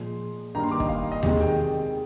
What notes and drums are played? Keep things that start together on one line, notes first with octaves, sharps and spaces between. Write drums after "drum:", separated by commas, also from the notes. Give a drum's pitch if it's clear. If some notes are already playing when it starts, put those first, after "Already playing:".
Already playing: A#2 F3 G#3 C6
G2 D#3 A#3 A#5
C6
D6
D#5, drum: kick
F5
D#5
C3 D#3 G#3 D#5, drum: tom D#2
G5